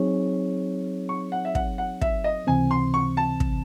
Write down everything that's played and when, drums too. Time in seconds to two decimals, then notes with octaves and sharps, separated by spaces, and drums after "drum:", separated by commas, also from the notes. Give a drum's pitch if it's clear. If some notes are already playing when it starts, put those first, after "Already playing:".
Already playing: F#3 C4 D#4 G#4 C#5
1.09 C#6
1.32 F#5
1.45 E5
1.55 F#5, drum: kick
1.78 F#5
2.01 E5, drum: kick
2.24 D#5
2.47 C#2 C3 E3 C4 G#5
2.71 C6
2.94 C#6
3.17 A5
3.40 drum: kick